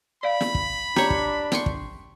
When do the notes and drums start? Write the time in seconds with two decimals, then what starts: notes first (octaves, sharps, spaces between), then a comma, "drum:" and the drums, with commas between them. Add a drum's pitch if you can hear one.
0.23 D5 F5 B5
0.41 drum: snare
0.55 drum: kick
0.96 D4 G4 C#5 A#5, drum: snare
1.10 drum: kick
1.52 G5 C6 C#6, drum: snare
1.66 drum: kick